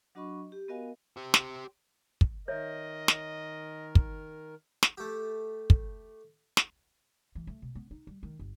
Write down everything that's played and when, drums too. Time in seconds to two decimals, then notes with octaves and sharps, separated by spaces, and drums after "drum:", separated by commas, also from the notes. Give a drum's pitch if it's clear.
0.15 F#3 D4 F#4 D#5 B5 C#6
0.52 G4
0.68 B3 F#4 A#4 D#5 F5 G#5
1.17 G4 C5
1.34 drum: snare
2.21 drum: kick
2.48 D#3 A#4 C#5 D#5 E5
3.08 drum: snare
3.95 drum: kick
4.83 drum: snare
4.97 A3 G4
5.70 drum: kick
6.57 drum: snare
7.35 E3
7.47 A3
7.62 B2
7.75 B3
7.91 D#4
8.07 G3
8.23 D#3
8.39 G1